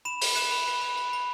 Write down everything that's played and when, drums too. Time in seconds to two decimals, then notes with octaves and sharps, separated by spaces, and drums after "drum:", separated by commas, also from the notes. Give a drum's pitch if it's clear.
0.05 B5 E7
0.22 B5, drum: open hi-hat
0.36 F#6 E7
0.51 B5
0.67 B5
0.82 B5
0.98 B5
1.13 B5